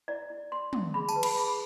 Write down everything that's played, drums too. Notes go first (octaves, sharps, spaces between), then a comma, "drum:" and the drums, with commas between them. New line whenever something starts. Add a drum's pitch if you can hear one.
E4 D5
E4
C5 C6
E4, drum: tom
G#4 B5
A5, drum: tambourine
B4
B5, drum: cymbal
G#4 B5